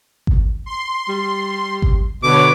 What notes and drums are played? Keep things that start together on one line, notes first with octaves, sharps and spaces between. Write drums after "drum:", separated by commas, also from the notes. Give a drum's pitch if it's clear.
drum: kick G#1
C6
G3
drum: kick G#1
B2 D3 B4 C#5 D6